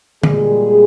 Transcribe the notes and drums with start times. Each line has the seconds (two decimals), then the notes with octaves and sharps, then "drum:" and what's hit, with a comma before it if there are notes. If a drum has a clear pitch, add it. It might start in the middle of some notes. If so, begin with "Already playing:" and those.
0.23 A#2 G3 G#3 G#4, drum: tom D3